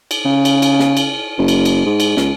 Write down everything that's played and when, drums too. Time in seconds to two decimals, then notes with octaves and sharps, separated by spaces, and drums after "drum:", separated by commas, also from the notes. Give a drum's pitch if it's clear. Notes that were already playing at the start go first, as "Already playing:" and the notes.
0.11 drum: cymbal
0.25 C#3
0.45 drum: cymbal
0.62 drum: cymbal
0.79 drum: snare
0.97 drum: cymbal
1.38 F#1
1.48 drum: cymbal
1.65 drum: cymbal
1.86 G#2
2.00 drum: cymbal
2.17 C#2, drum: snare